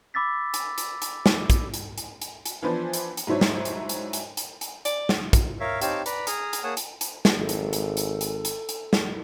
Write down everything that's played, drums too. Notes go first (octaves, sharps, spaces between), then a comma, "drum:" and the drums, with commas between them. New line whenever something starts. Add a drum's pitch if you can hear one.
B5 D6 E6 A6 B6
drum: hi-hat
drum: hi-hat
drum: hi-hat
drum: snare
drum: kick, hi-hat
drum: hi-hat
drum: hi-hat
drum: hi-hat
drum: hi-hat
E3 F3 B3 D4 B4 C5
drum: hi-hat
drum: hi-hat
G#2 F#3 D4 E4 C5 C#5
drum: snare
drum: hi-hat
drum: hi-hat
drum: hi-hat
drum: hi-hat
drum: hi-hat
D5, drum: hi-hat
drum: snare
drum: kick, hi-hat
A#4 C#5 E5 F5
C4 D#4 G4 C#5 F5 A5, drum: hi-hat
B4 D5 A#5 B5, drum: hi-hat
G#4 A#5 D#6 F6, drum: hi-hat
drum: hi-hat
A#3 G#4 C#5 F#5 A5 D#6
drum: hi-hat
drum: hi-hat
drum: snare
G#1 A4
drum: hi-hat
drum: hi-hat
drum: hi-hat
drum: hi-hat
drum: hi-hat
drum: hi-hat
drum: snare